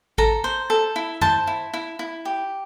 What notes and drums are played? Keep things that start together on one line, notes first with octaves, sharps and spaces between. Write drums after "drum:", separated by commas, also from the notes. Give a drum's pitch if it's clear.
A4 A#5, drum: kick A1
C5
A4
E4
C5 A5, drum: tom F#2
E4
E4
E4
G4